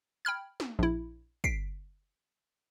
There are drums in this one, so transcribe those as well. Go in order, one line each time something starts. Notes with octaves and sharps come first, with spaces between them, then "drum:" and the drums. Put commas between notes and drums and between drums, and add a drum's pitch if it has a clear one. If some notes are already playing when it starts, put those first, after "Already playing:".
G5 B5 F6 G#6
drum: snare
A#1 E4
B6 C7 D7, drum: kick